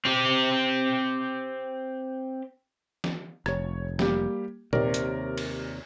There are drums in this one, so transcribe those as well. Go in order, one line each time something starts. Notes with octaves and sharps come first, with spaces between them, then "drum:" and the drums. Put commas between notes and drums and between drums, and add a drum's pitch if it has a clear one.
C4 G4
drum: snare
F1 C#5 G#6, drum: rim click
G3 A#3 G4, drum: snare
D#2 C3 A#4 C#5 D5, drum: tom A#2
drum: hi-hat
drum: cymbal